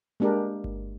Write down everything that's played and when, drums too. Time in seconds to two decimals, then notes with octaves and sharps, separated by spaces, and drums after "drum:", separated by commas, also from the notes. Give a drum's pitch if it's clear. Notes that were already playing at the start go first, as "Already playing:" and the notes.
0.20 G#3 A#3 D4 G4 A#4
0.64 drum: kick G1